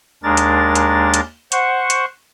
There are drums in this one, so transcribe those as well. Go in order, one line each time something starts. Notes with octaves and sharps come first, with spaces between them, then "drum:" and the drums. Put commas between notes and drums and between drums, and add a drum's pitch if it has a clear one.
D#2 G#3 D4 A#4 A6
drum: hi-hat
drum: hi-hat
drum: hi-hat
C5 F#5 C#6, drum: hi-hat
drum: hi-hat